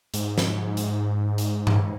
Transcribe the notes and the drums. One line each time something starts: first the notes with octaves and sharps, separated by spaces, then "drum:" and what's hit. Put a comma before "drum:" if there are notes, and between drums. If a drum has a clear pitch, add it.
G#2, drum: hi-hat
drum: snare
drum: hi-hat
drum: hi-hat
drum: tom G2